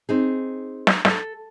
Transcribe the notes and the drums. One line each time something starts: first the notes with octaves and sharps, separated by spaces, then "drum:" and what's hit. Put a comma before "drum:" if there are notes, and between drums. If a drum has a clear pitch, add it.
C4 D#4 G#4
drum: snare
A4, drum: snare